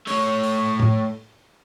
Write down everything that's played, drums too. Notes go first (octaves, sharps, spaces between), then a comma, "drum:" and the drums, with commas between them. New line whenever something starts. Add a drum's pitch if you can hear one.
A3 C#5, drum: open hi-hat
drum: open hi-hat
drum: tom A2